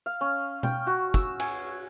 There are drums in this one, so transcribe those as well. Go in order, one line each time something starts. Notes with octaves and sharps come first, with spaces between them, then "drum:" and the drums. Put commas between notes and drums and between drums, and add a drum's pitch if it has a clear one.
F5
C#4
G5, drum: tom B2
F#4
E6, drum: kick
G#5, drum: cymbal